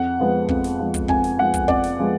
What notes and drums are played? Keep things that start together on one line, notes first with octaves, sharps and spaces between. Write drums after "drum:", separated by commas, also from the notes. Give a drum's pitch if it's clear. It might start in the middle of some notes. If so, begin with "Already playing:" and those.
Already playing: F2 F#5
F3 G#3 B3
F2, drum: kick
drum: snare
F3 G#3 B3
drum: kick, hi-hat
F2 G#5, drum: kick
drum: snare
F3 G#3 B3 F#5
drum: kick, hi-hat
F2 D5, drum: kick
drum: snare
F3 G#3 B3